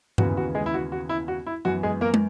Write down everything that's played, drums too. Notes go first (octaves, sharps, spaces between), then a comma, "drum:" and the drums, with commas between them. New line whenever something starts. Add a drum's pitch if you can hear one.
D#2 C#3 E3 B3 F#4, drum: tom G2
F#4
G#3 G#4
E4
F#4
F#4
E4
F#4
E4
F#2 E3 B3 F#4
G#3 G#4
A#3 A#4
drum: tom